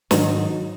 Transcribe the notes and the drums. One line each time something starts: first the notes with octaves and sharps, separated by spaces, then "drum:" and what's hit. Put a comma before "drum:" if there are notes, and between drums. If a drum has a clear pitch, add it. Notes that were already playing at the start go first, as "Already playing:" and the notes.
G#2 D#3 F#3 D#4, drum: snare